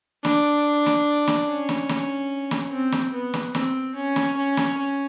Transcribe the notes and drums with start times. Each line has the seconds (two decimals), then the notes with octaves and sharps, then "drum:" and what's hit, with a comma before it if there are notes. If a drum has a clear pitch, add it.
0.25 D4, drum: snare
0.86 drum: snare
1.27 drum: snare
1.48 C#4
1.69 drum: snare
1.89 drum: snare
2.51 drum: snare
2.72 C4
2.92 drum: snare
3.13 B3
3.34 drum: snare
3.55 C4, drum: snare
3.95 C#4
4.16 drum: snare
4.37 C#4
4.57 drum: snare
4.78 C#4